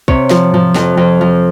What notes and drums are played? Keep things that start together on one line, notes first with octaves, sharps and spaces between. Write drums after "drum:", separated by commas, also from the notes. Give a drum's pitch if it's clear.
C3 C#5, drum: kick
F3, drum: snare
F3, drum: tom G#2
F2, drum: snare
F2
F3